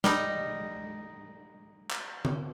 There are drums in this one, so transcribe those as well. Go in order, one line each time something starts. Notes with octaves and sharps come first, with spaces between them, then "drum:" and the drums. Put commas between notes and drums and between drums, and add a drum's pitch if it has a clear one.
G3 D#4, drum: snare
drum: clap
drum: tom D3